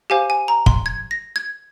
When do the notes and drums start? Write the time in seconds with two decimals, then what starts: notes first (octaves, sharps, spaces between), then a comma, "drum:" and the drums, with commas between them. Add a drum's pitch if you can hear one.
0.10 G4 C5 F5 G#5
0.30 G#5
0.48 A#5
0.66 C6, drum: kick
0.86 G#6
1.11 A#6
1.36 G#6